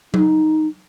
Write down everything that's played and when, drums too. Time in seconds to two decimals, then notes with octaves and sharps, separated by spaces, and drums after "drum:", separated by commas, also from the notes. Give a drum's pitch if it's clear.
0.14 D#4, drum: tom F#3